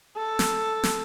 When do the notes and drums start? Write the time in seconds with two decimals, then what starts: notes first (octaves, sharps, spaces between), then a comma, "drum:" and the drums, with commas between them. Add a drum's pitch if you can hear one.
0.17 A4
0.39 drum: snare
0.83 drum: snare